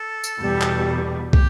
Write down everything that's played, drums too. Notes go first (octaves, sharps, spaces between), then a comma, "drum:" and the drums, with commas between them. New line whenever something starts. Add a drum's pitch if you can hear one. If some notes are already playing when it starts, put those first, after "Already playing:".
Already playing: A4
drum: tambourine
E2 B2 G3
drum: clap
G4, drum: kick